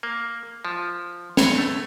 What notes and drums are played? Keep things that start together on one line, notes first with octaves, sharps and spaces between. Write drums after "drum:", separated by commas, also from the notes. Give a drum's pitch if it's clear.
A#3
F3
C#5, drum: snare
A3